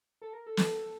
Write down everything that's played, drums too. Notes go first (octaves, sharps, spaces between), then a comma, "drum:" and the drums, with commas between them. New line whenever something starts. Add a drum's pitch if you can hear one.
A4
A#4
A4
drum: snare